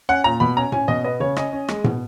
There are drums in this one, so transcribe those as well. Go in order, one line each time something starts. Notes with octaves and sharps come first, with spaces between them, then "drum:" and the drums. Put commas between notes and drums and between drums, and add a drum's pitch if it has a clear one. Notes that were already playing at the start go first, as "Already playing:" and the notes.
C#4 F#5
A#2 A#5
B2 B5
C#4 A#5
C#4 G#5, drum: tom A2
B2 D#5
B3 D#5
C#3 C#5
C#4 D#5, drum: rim click
C#4
G#3, drum: rim click
B2, drum: tom A2